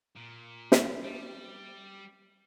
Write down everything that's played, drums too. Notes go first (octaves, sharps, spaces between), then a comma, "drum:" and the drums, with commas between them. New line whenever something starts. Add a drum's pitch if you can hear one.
A#2
drum: snare
G3